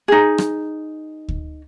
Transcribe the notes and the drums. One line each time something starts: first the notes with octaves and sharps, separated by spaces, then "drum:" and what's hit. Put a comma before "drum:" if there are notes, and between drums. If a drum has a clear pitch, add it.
D#4 G#4
drum: rim click
drum: kick D2